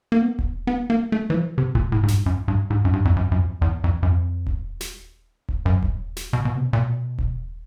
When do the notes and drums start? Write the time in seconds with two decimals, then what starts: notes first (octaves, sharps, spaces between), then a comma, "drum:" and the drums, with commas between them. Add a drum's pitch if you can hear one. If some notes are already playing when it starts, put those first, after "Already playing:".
0.12 A#3
0.21 B3
0.39 drum: kick D#1
0.67 B3
0.90 A#3
1.12 A3
1.30 E3
1.34 F3
1.58 C3
1.75 A#2, drum: kick D#1
1.92 A2
2.03 G#2
2.08 G2, drum: snare
2.26 F#2
2.48 G2
2.70 G#2
2.85 F#2
2.93 G2
3.05 F2
3.16 F#2
3.32 F#2
3.39 F2
3.62 E2
3.84 F2
4.03 F#2
4.07 F2
4.47 drum: kick D#1
4.81 drum: snare
5.49 drum: kick D#1
5.65 F#2
5.83 drum: kick D#1
6.17 drum: snare
6.33 B2
6.45 B2
6.56 C3
6.73 A#2
6.79 B2
7.19 drum: kick D#1